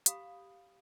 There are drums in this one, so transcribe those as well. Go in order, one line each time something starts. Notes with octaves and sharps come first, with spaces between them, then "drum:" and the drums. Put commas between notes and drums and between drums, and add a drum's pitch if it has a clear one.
G4 F5 B5 D#6, drum: hi-hat